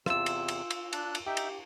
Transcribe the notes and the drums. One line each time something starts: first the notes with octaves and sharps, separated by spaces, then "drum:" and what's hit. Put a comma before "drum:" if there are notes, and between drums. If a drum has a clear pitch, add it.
E2 C3 F4 E6, drum: rim click
drum: cymbal
drum: cymbal
drum: cymbal
D4 A5 F#6, drum: cymbal
drum: cymbal
D#4 G4 E5 G5
drum: cymbal